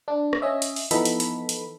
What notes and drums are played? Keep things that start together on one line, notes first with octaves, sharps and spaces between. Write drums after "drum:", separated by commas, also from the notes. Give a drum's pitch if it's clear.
D4
drum: rim click
C#4 D#5 E5
drum: hi-hat
drum: open hi-hat
E3 F3 B3 D#4 A4 B5, drum: hi-hat
drum: hi-hat
drum: hi-hat
drum: hi-hat